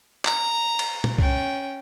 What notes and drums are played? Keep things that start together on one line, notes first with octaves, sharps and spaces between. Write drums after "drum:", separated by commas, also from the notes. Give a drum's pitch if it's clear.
A#5, drum: clap
drum: cymbal
drum: tom
C#4 G5, drum: kick C2